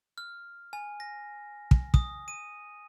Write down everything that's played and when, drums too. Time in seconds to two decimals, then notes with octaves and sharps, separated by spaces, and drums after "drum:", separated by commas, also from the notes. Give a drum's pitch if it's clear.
0.18 F6
0.73 G#5
1.00 A#6
1.71 drum: kick
1.94 D#6, drum: kick
2.28 D#7